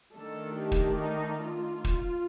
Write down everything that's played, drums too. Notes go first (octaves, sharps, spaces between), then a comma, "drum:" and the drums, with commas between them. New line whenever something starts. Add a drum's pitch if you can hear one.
D#3 A3 D4 A4
G4
drum: kick
D#4
F4
drum: kick